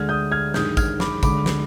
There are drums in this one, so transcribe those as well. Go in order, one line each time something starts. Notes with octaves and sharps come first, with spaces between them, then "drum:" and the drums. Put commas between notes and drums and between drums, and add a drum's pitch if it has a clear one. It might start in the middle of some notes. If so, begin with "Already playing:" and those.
Already playing: D2 D3 G#3 F6 G#6
D#6 G6
F6 G#6
G2 D#3 G#3 D#6 G6, drum: snare
F6 G#6, drum: kick, tambourine
B5 D6, drum: snare
D2 D3 G#3 B5 D6, drum: kick, tambourine
drum: snare